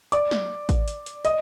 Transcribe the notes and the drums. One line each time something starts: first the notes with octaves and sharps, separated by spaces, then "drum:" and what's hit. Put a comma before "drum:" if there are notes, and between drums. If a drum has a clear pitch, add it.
D5 D6, drum: hi-hat
drum: snare
drum: kick, hi-hat
drum: hi-hat
drum: hi-hat
D#5 D#6, drum: hi-hat